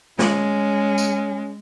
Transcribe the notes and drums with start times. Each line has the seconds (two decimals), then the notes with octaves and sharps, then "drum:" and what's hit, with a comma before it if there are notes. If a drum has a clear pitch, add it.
0.19 G#3 C#4, drum: snare
0.98 drum: tambourine